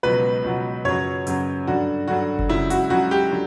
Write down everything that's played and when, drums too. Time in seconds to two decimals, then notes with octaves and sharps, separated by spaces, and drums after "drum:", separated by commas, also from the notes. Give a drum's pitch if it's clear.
0.03 C#2 B2 F#3 B4
0.44 C#2 B2 F#3
0.85 F#2 C#3 F#3 C#5
1.27 F#2 C#3 F#3, drum: hi-hat
1.67 G2 D3 F#3 F#4
2.08 G2 D3 F#3 F#4
2.39 drum: kick F#1
2.49 C#2 C#3 F#3 E4
2.70 F#4, drum: hi-hat
2.90 C#2 C#3 F#3 F#4
3.11 G4
3.31 D3 F#3